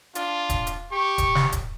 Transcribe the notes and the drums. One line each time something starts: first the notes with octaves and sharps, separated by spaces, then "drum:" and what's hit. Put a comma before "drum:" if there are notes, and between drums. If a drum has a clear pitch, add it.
D4 F4, drum: hi-hat
drum: kick, hi-hat
drum: hi-hat
G4 C#6
drum: kick, hi-hat
drum: snare
drum: kick, hi-hat